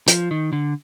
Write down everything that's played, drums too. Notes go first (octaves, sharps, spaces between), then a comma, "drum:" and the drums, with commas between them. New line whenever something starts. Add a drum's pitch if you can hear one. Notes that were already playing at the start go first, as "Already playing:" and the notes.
F3, drum: hi-hat
D#3
D3